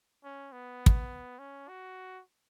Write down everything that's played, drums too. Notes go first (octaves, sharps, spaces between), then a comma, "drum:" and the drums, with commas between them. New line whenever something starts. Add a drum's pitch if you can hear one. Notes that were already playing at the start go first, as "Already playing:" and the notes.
C#4
B3
drum: kick
C#4
F#4